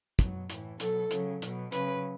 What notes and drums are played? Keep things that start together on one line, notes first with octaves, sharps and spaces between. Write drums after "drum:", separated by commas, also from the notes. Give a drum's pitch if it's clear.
B2 F#3, drum: kick, hi-hat
A2 E3, drum: hi-hat
B2 F#3 A4, drum: hi-hat
C#3 F#3, drum: hi-hat
B2 F#3, drum: hi-hat
C#3 F#3 B4, drum: hi-hat